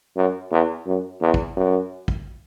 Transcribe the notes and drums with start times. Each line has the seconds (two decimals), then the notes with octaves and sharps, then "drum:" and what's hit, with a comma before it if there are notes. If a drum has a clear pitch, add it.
0.16 F#2
0.51 E2
0.86 F#2
1.21 E2
1.34 drum: kick
1.57 F#2
2.08 drum: kick